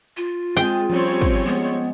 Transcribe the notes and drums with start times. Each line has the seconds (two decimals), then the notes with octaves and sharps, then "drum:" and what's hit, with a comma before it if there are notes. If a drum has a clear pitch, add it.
0.17 F4, drum: tambourine
0.57 G#3 C4 G#4 G5
0.90 F3 G3 C4 C#4 C#5
1.21 drum: kick, tambourine
1.45 F3 G#3 B3
1.56 drum: tambourine